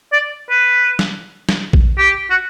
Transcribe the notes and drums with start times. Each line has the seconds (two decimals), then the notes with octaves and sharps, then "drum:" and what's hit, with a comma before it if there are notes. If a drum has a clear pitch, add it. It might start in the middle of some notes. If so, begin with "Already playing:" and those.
0.13 D5
0.50 B4
0.99 drum: snare
1.49 drum: snare
1.73 drum: kick A#1
1.98 G4
2.30 F#4